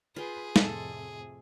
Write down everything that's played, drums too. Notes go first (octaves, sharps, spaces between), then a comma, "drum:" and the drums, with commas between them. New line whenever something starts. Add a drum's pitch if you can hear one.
F4 G#4 B4 G5
F2 A2 C3 A4, drum: snare